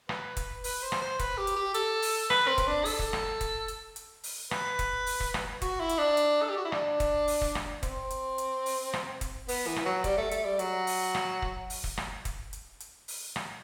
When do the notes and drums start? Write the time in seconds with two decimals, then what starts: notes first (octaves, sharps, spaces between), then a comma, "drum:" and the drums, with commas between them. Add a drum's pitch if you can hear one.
0.09 B4, drum: rim click
0.37 drum: kick, hi-hat
0.64 B4, drum: open hi-hat
0.83 C5
0.92 drum: rim click
1.01 C5
1.19 B4, drum: kick, hi-hat
1.38 G4
1.47 drum: hi-hat
1.57 G4
1.74 A4, drum: hi-hat
2.02 drum: open hi-hat
2.30 B4, drum: rim click
2.48 C4
2.58 drum: kick, hi-hat
2.67 D4
2.85 A4, drum: open hi-hat
2.99 drum: kick
3.13 drum: rim click
3.41 drum: kick, hi-hat
3.68 drum: hi-hat
3.96 drum: hi-hat
4.24 drum: open hi-hat
4.51 B4, drum: rim click
4.79 drum: kick, hi-hat
5.06 drum: open hi-hat
5.20 drum: kick
5.34 drum: rim click
5.62 F#4, drum: kick, hi-hat
5.80 E4
5.89 drum: hi-hat
5.98 D4
6.17 drum: hi-hat
6.42 A4
6.50 G4
6.57 F#4
6.65 E4
6.72 D4, drum: rim click
7.00 drum: kick, hi-hat
7.28 drum: open hi-hat
7.41 drum: kick
7.55 drum: rim click
7.83 C4, drum: kick, hi-hat
8.11 drum: hi-hat
8.38 drum: hi-hat
8.66 drum: open hi-hat
8.93 drum: rim click
9.21 drum: kick, hi-hat
9.48 B3, drum: open hi-hat
9.67 E3
9.76 drum: rim click
9.86 F#3
10.04 G3, drum: kick, hi-hat
10.18 A3
10.31 A3, drum: hi-hat
10.45 G3
10.59 F#3, drum: hi-hat
10.87 drum: open hi-hat
11.15 drum: rim click
11.42 drum: kick
11.70 drum: open hi-hat
11.84 drum: kick
11.97 drum: rim click
12.25 drum: kick, hi-hat
12.53 drum: hi-hat
12.80 drum: hi-hat
13.08 drum: open hi-hat
13.36 drum: rim click